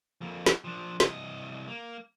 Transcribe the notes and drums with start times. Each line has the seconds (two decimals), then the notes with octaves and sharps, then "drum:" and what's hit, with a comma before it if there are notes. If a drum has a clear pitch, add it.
0.21 F2 A#3
0.46 drum: snare
0.64 F3 D4
1.00 C2 D#5, drum: snare
1.68 A#3